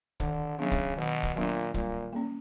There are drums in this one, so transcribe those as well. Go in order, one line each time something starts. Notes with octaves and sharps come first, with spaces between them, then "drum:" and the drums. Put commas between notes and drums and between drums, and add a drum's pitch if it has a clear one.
D3 D#3, drum: kick
C#3 F#3 B3 D4
drum: kick
B2 D#3
drum: kick
A#2 F#3 B3 D4
A#2 G3, drum: kick
A#3 C#4